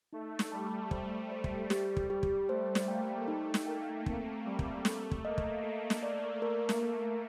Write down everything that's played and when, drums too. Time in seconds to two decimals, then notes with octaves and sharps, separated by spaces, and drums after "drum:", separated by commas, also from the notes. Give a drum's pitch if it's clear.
0.13 A3 D#4
0.39 drum: snare
0.52 G3 A5
0.91 C5, drum: kick
1.31 C5
1.44 drum: kick
1.70 G4, drum: snare
1.97 drum: kick
2.10 G4
2.23 drum: kick
2.49 A3 C5
2.75 drum: snare
2.88 A#3 G5
3.28 A3 D#4
3.54 drum: snare
3.67 A#3 G5
4.06 A3 C4, drum: kick
4.45 G3 C4
4.59 drum: kick
4.85 A3 A4, drum: snare
5.11 drum: kick
5.25 A#3 D#5
5.38 drum: kick
5.63 A3 A4
5.90 drum: snare
6.03 D5
6.42 A#4
6.69 drum: snare
6.83 A#4